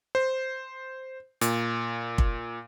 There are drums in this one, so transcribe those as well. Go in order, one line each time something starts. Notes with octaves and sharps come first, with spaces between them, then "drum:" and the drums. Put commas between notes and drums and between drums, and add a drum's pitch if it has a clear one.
C5
A#2, drum: hi-hat
drum: kick